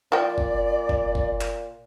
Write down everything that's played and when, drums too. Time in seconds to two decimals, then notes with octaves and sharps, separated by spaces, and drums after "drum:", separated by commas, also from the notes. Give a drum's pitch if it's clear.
0.12 A#2 F3 D5 G5
0.38 drum: kick G1
0.89 drum: kick G1
1.15 drum: kick G1
1.41 drum: clap